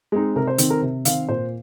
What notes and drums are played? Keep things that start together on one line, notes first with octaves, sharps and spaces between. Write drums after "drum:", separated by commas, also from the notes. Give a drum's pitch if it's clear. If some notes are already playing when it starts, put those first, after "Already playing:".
G#3 C4 D#4
C3 A#4
C5
D#3 C4, drum: hi-hat
A#4
C3
D#3 C4 F5, drum: hi-hat
A#2 C5